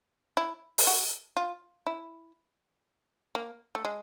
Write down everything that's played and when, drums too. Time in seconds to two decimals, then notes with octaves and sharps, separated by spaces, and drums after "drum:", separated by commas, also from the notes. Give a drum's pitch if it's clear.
0.37 E4
0.78 drum: open hi-hat
0.87 F#4
1.37 F4
1.87 E4
3.35 A#3
3.75 A3
3.85 G#3